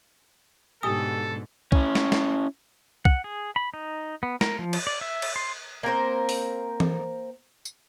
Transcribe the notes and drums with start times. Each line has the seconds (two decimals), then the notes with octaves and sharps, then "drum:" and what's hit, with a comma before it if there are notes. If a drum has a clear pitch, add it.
0.83 G#2 B2 D3 G4 A4 G#5 D#6
1.72 C#4 E4, drum: kick
1.95 drum: snare
2.12 drum: snare
3.05 F#5, drum: kick
3.24 G#4
3.56 B5
3.74 D#4
4.23 B3
4.41 A#4, drum: snare
4.59 F3
4.73 drum: cymbal
4.87 D5
5.01 E5
5.22 drum: cymbal
5.36 C6
5.83 A#3 C4 A#4 C5
6.29 drum: open hi-hat
6.80 drum: tom E3
7.65 drum: tambourine